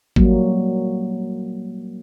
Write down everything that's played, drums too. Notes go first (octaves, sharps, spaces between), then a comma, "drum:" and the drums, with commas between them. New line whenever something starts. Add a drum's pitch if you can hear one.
F#3 G3 A#3, drum: kick